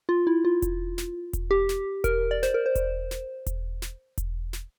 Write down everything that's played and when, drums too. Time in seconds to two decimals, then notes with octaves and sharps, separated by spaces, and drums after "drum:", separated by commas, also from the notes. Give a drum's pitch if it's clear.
0.09 F4
0.27 E4
0.45 F4
0.62 drum: kick E1, hi-hat
0.98 drum: snare
1.33 drum: kick E1, hi-hat
1.51 G4
1.69 drum: snare
2.04 A#4, drum: kick E1, hi-hat
2.31 D5
2.43 C5, drum: snare
2.54 A#4
2.66 C5
2.75 drum: kick E1, hi-hat
3.11 drum: snare
3.46 drum: kick E1, hi-hat
3.82 drum: snare
4.18 drum: kick E1, hi-hat
4.53 drum: snare